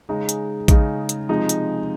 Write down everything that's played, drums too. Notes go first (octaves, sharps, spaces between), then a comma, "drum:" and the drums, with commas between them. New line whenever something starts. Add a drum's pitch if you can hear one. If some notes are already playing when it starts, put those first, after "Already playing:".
C#3 G#3 D#4
drum: hi-hat
C#3 G#3 D#4, drum: kick, hi-hat
drum: hi-hat
C3 F3 G#3 D#4
drum: hi-hat